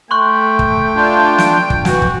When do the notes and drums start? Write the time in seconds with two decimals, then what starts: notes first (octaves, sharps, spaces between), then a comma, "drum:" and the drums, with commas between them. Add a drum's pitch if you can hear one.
0.11 A3 G5 C6 C#6 F#6
0.59 drum: kick
0.95 D4 F4
1.38 F#6 D7, drum: snare
1.70 drum: kick
1.85 E3 F#4, drum: snare
2.02 drum: kick